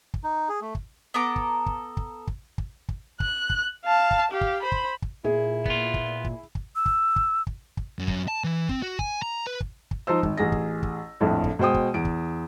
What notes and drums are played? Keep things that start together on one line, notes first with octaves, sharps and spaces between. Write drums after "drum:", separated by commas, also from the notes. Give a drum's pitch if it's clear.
drum: kick
D#4
G#4
A3
drum: kick
B3 A4 A#5 D6
drum: kick
drum: kick
drum: kick
drum: kick
drum: kick
drum: kick
F#6, drum: kick
drum: kick
F5 A5
drum: kick
G4 F5
drum: kick
C5 B5
drum: kick
drum: kick
A#2 E4 G#4
B3 F4, drum: kick
drum: kick
drum: kick
drum: kick
E6
drum: kick
drum: kick
drum: kick
drum: kick
F#2
drum: kick
A5
E3
C4, drum: kick
F#4
G#5, drum: kick
A#5
B4
drum: kick
drum: kick
F3 D#4 C5 E6
G#1, drum: kick
A1 G#4 A#6
drum: kick
drum: kick
A#1 F2 A2
drum: kick
B2 G#3 C5 G5 D#6
drum: kick
E2 D7
drum: kick